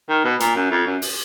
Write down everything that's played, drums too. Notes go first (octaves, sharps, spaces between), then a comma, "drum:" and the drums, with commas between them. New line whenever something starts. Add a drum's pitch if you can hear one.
D#3
B2
A#2, drum: hi-hat
F#2
F2
F#2
drum: open hi-hat